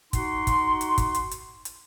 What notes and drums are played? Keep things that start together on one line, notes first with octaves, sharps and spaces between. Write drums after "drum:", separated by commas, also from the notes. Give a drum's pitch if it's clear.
D#4 F#4 F#5 C6, drum: kick, hi-hat
drum: kick, hi-hat
drum: hi-hat
drum: kick, hi-hat
drum: hi-hat
drum: hi-hat
drum: hi-hat